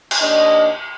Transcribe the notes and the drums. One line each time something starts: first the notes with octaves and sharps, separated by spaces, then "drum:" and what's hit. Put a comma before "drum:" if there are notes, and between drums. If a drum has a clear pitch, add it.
drum: cymbal
D#2 D4 D#5